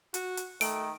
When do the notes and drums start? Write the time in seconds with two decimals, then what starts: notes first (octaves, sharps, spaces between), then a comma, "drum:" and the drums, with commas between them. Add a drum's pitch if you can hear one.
0.14 F#4, drum: hi-hat
0.37 drum: hi-hat
0.61 D#3 A3 D7, drum: open hi-hat